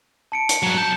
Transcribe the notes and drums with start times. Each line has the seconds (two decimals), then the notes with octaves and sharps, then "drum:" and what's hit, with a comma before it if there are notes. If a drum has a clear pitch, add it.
0.32 A5 C#7 D7
0.49 drum: hi-hat
0.63 G2 F#3
0.78 B1 A5 G6